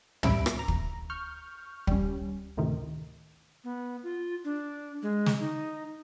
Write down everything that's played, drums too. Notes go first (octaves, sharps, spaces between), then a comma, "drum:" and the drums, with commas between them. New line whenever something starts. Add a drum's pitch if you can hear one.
C2 C3 C#4 E5 B5 D7, drum: tom
drum: rim click
A#5
drum: kick
C#6 F6 G6
G3 C#4, drum: kick
A1 D2 A2 C3 D#3
B3
F4
D4
G#3
drum: snare
D#4